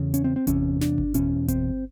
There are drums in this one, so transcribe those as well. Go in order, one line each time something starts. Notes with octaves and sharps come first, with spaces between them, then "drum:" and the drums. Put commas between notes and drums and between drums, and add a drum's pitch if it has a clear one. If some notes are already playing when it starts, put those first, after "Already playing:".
Already playing: E2 C#3
C#4, drum: hi-hat
C4
C4
E2 C3 C#4, drum: kick G1, hi-hat
D4, drum: snare
drum: kick G1
E2 B2 C#4, drum: hi-hat
C4, drum: kick G1, hi-hat